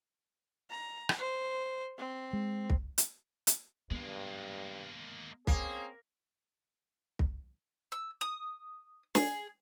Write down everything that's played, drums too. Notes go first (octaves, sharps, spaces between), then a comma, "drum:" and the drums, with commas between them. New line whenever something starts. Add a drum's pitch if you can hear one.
A#5
drum: rim click
C5
C4
G#3
drum: kick
drum: hi-hat
drum: hi-hat
G2 G#3 A#3 B3
A#3 C4 C#4 G#4, drum: kick
drum: kick
E6
D#6
G#4, drum: snare